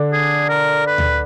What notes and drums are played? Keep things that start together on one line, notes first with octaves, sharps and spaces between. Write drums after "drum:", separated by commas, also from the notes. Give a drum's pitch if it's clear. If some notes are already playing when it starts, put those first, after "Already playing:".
Already playing: D3 D4
G#4
A#4
B4
drum: tom D2